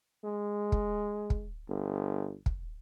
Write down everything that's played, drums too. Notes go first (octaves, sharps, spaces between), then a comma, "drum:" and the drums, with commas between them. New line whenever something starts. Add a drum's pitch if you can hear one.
G#3
drum: kick
drum: kick
G1
drum: kick